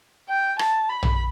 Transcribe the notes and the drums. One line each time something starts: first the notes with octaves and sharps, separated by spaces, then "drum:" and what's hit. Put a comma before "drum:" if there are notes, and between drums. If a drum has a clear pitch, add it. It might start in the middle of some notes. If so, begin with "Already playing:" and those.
G5
A5, drum: rim click
B5
drum: tom